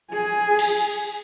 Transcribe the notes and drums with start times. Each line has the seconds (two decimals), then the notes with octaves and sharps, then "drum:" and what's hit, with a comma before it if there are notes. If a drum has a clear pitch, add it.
0.12 G#4 G#5
0.59 drum: cymbal